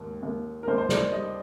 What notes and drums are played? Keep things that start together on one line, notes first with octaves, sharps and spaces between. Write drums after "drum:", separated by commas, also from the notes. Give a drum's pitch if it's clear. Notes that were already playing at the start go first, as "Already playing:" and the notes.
Already playing: D#2 G#2
D#2
A#4
D#2 C5
C5
D5, drum: snare
G3 D#5